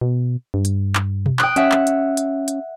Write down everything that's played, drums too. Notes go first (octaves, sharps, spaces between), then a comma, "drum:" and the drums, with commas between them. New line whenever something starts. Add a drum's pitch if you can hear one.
B2
G2
drum: hi-hat
drum: clap
drum: tom B2
G5 D#6 F#6, drum: clap
C#4 E5 F#5, drum: hi-hat
drum: clap
drum: hi-hat
drum: hi-hat
drum: hi-hat